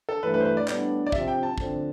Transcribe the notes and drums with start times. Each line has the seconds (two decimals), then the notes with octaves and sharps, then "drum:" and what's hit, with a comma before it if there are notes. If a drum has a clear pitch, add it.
0.09 A4
0.23 G2 E3 A3 B4
0.34 B4
0.40 C5
0.45 B4
0.57 D5
0.68 A2 G3 B3 D4 D5, drum: clap
1.07 D5
1.12 C3 F3 C4 E5, drum: kick
1.28 G5
1.43 A5
1.58 D2 D3 F3 C4, drum: kick